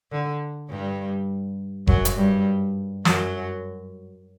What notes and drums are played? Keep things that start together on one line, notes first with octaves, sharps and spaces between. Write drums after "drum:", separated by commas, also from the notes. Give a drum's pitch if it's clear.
D3
G2 G3
F#2 F#3, drum: kick F1
drum: hi-hat
G2 G3
F#2 F#3, drum: snare